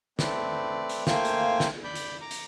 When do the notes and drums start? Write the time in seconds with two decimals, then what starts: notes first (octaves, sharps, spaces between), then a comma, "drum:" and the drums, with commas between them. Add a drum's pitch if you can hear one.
0.19 A3 C4 B4 D5, drum: snare
0.89 drum: hi-hat
1.07 A3 A#3 C5 F5 G5 G#5, drum: snare
1.25 drum: hi-hat
1.60 drum: snare
1.84 D5 B5 G6
1.95 drum: hi-hat
2.21 A#5 D6
2.31 drum: hi-hat